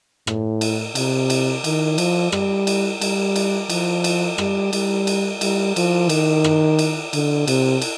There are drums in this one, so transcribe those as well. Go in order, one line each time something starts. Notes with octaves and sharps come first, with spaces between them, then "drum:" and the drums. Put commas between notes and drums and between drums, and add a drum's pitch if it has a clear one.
A2, drum: rim click
drum: cymbal
C3, drum: cymbal
drum: cymbal
D#3, drum: cymbal
F3, drum: cymbal
G3, drum: rim click
drum: cymbal
G3, drum: cymbal
drum: cymbal
F3, drum: cymbal
drum: cymbal
G3, drum: rim click
G3, drum: cymbal
drum: cymbal
G3, drum: cymbal
F3, drum: cymbal
D#3, drum: cymbal
drum: rim click
drum: cymbal
D3, drum: cymbal
C3, drum: cymbal
drum: cymbal